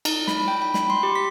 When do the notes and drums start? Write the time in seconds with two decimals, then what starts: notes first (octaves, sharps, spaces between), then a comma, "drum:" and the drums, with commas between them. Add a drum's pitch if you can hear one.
0.05 D#4, drum: cymbal
0.27 B5, drum: snare
0.48 G5
0.62 B5
0.74 B5, drum: snare
0.90 C6
1.03 G4
1.15 B6